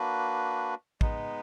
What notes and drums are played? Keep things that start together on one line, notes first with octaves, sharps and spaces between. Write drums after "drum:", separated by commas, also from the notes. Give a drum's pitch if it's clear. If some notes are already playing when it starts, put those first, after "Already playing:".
Already playing: A#3 D4 F#4 B4
G#3 B3 D#4, drum: kick